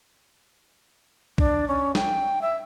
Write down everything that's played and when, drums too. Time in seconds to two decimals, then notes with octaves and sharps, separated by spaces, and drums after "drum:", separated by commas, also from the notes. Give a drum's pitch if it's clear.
1.38 D4, drum: kick B1
1.68 C#4
1.95 G5, drum: snare
2.42 E5